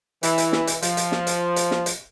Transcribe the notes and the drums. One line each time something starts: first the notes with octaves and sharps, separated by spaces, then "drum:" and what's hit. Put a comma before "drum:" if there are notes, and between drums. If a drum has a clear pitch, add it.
E3, drum: hi-hat
drum: hi-hat
drum: snare
drum: hi-hat
F3, drum: hi-hat
drum: hi-hat
drum: snare
drum: hi-hat
drum: hi-hat
drum: snare
drum: hi-hat